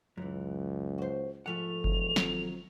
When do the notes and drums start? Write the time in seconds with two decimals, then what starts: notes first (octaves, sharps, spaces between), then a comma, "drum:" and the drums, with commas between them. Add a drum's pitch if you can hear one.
0.17 C#2 F#2 E3
0.98 F#4 C5
1.46 G#2 F3 A3 F4 F#5 F7
1.84 E1, drum: kick G1
2.16 D#3 F3 F#3 C4, drum: snare